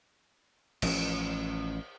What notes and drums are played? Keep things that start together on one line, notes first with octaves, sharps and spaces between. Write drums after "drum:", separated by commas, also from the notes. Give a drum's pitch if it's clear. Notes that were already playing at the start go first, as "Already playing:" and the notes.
A1 F3 A#3 C#4, drum: cymbal